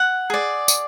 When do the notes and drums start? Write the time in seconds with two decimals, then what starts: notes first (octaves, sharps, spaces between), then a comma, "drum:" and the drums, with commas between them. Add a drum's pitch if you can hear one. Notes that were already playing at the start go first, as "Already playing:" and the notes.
Already playing: F#5
0.30 G#4 D5
0.68 drum: tambourine